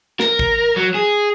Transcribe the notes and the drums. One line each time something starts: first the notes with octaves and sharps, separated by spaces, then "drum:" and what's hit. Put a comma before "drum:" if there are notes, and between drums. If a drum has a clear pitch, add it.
A#4, drum: snare
drum: kick G#1
F#3
G#4